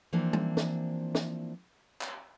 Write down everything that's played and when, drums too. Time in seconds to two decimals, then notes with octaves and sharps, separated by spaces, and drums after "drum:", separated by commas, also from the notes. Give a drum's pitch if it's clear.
0.13 E3 F3 A#3 C4 D4
0.33 drum: tom G3
0.57 drum: snare
1.15 drum: snare
2.01 drum: clap